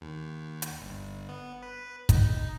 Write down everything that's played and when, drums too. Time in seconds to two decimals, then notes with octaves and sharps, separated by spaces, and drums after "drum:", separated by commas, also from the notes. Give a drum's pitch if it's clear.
0.01 D#2
0.62 drum: hi-hat
0.82 G1
1.29 B3
1.62 B4
2.09 D#4, drum: kick, hi-hat